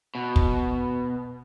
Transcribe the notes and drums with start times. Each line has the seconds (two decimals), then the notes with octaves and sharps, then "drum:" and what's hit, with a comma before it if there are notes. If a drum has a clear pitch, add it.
0.15 B2
0.36 drum: kick